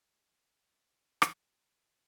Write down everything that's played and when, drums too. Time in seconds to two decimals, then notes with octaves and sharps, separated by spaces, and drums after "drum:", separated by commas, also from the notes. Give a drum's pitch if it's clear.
0.02 G#4
1.22 drum: rim click
1.34 G3